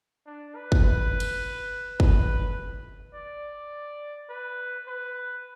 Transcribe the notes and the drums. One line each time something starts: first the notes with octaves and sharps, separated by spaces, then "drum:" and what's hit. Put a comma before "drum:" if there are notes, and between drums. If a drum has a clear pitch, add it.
D4
B4
drum: kick
B4
drum: cymbal
B4, drum: kick
D5
B4
B4